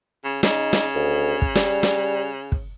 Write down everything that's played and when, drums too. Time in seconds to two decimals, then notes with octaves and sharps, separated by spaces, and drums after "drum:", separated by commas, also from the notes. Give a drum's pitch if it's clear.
0.24 C#3
0.43 C#3 D#4, drum: snare
0.73 drum: snare
0.94 D2
1.42 drum: kick
1.55 G3, drum: snare
1.83 drum: snare
2.52 drum: kick